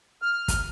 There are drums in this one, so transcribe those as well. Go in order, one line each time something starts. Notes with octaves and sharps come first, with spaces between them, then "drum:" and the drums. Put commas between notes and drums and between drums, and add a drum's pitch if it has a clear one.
F6
drum: kick, hi-hat